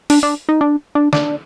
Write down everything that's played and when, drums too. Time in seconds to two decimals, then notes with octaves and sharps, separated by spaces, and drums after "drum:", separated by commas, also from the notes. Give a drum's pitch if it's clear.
0.10 D4, drum: open hi-hat
0.23 D4
0.49 D#4
0.61 D4
0.95 D4
1.13 D4, drum: snare